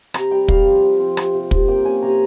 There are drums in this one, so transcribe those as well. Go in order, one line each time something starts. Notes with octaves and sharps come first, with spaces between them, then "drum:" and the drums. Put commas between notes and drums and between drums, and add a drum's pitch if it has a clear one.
C3 A#5, drum: rim click
G3 G5
G3 F5, drum: kick
F3
F3
C4
C3, drum: rim click
C3
C3, drum: kick
A#3 G5
C#4 G#5
C3 A#5